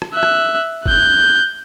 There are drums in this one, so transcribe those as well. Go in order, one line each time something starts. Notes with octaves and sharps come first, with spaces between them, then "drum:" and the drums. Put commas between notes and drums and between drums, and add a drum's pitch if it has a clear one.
drum: rim click
E5 F#6
drum: rim click
F#6 G6, drum: kick